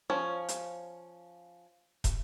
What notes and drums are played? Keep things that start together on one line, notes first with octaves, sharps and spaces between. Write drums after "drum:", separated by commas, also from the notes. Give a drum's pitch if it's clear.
F3 C#4
drum: hi-hat
drum: kick, hi-hat